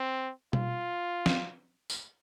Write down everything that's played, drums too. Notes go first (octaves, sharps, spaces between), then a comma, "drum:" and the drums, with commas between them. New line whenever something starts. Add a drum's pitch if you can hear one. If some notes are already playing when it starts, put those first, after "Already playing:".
Already playing: C4
F4, drum: tom B2
drum: snare
drum: tambourine